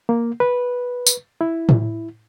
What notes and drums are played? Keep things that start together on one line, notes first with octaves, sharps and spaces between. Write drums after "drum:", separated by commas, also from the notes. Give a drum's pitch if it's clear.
A#3
B4
drum: tambourine
E4
drum: tom A2